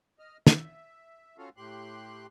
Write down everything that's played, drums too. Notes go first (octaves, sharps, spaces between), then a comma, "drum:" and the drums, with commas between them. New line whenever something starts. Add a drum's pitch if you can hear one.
D#5 F6
E5, drum: snare
C#4 F4 F#4 A4 F5
A2 G4 C6 F#6